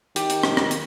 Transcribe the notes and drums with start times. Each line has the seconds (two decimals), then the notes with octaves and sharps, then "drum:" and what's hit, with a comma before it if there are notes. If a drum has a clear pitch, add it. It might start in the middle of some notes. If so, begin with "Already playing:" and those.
0.16 D#3 G4, drum: hi-hat
0.30 drum: hi-hat
0.43 drum: rim click
0.57 drum: rim click
0.71 drum: hi-hat